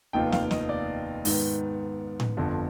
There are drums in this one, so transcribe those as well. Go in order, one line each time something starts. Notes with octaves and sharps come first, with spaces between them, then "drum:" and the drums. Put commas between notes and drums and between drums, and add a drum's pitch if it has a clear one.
F1 D#2 D#3 B3 F4 G5
F5, drum: snare
D#5, drum: snare
D5
G#2 D#3 B3, drum: open hi-hat
drum: tom A2
G1 F2 D3